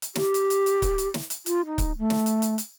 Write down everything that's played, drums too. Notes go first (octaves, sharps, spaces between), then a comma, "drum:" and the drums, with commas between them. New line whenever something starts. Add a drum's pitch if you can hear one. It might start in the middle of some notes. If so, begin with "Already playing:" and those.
drum: hi-hat
G4, drum: snare
drum: hi-hat
drum: hi-hat
drum: hi-hat
drum: kick C#1, hi-hat
drum: hi-hat
drum: snare
drum: hi-hat
F4, drum: hi-hat
D#4
drum: kick C#1, hi-hat
A3
drum: snare
drum: hi-hat
drum: hi-hat
drum: hi-hat